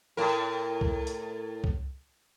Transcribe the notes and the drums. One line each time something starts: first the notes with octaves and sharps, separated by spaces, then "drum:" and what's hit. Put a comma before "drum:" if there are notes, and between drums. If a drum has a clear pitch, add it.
A2 A#4
drum: kick C2
drum: hi-hat
drum: kick C2